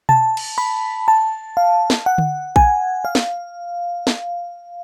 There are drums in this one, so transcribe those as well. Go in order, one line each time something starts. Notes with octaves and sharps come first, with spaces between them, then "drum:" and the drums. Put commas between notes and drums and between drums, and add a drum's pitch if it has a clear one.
A5, drum: tom B2
drum: cymbal
B5
A5
F5
drum: snare
F#5
drum: tom D3
G#5, drum: kick A#1
F5
drum: snare
drum: snare